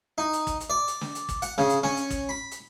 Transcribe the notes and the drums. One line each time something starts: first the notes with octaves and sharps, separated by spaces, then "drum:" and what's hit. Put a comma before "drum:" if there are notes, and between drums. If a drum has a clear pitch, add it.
D#4
drum: hi-hat
drum: kick, hi-hat
drum: hi-hat
D5
drum: hi-hat
drum: snare
drum: hi-hat
drum: kick, hi-hat
F#5, drum: hi-hat
C#3, drum: snare
drum: hi-hat
C#4, drum: snare
drum: hi-hat
drum: kick, hi-hat
B5
drum: hi-hat